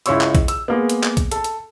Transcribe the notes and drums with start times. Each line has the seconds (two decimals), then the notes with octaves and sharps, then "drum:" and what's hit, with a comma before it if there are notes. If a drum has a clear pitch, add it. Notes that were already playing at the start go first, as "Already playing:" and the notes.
0.06 C#2 E4 F4 C#5 C#6 E6, drum: hi-hat
0.21 drum: clap
0.35 drum: kick A#1, hi-hat
0.48 E6, drum: hi-hat
0.68 G#3 A#3 B3
0.90 drum: hi-hat
1.03 drum: clap
1.17 drum: kick A#1, hi-hat
1.32 A4 A5, drum: hi-hat
1.44 drum: hi-hat